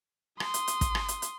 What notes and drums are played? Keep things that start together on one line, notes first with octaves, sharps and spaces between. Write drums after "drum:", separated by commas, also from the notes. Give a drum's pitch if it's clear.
C6 D#6, drum: rim click
drum: hi-hat
drum: hi-hat
drum: kick, hi-hat
drum: rim click
drum: hi-hat
drum: hi-hat